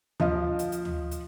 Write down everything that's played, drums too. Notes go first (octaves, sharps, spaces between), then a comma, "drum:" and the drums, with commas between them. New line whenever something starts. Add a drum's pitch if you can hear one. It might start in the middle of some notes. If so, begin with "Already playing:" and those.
F3 D#5 F5, drum: tom
drum: hi-hat
drum: hi-hat
drum: tom
drum: hi-hat